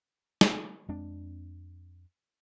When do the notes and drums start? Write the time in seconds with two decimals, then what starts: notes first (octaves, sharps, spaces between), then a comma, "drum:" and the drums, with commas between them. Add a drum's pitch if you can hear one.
0.41 drum: snare
0.89 F2 G#3 C4 D4